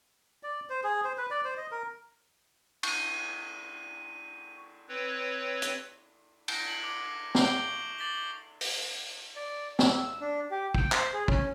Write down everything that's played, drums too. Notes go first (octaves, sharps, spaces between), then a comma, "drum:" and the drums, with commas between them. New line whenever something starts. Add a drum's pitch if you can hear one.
D5
C5
G#4
C5
B4
D5
C5
D#5
A#4
C#6 D#7, drum: cymbal
C4 B4 C#5
drum: hi-hat
A#6 C#7 D7, drum: cymbal
F#7
D6
D6 G6 C7 D7 F7 G7, drum: snare
C#6
D6 A6 B6 F#7 G7
drum: open hi-hat
D5
E6, drum: snare
D4
G4
G5, drum: kick
C5, drum: clap
G#4
C#4, drum: kick